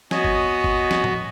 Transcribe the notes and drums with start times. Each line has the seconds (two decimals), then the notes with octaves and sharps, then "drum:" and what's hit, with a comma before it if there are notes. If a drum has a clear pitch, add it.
0.11 B3 F#4 C#5 D#5 G#5, drum: snare
0.24 drum: kick
0.64 drum: kick
0.91 drum: snare
1.04 drum: tom A2